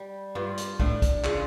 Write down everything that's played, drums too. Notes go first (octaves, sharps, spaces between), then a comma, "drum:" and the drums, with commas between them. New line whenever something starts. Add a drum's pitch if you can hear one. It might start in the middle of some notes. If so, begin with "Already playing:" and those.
Already playing: G3
G2 F4
drum: hi-hat
A2 D4, drum: kick
drum: kick, hi-hat
C#3 F4, drum: clap